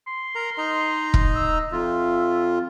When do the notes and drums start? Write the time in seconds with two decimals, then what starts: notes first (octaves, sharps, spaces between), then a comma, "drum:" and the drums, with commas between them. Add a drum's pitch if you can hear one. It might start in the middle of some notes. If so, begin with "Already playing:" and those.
0.07 C6
0.35 A#4 A#5
0.58 D#4 D#5 A#5
1.14 drum: kick E1
1.35 E6
1.72 F2 F4 E5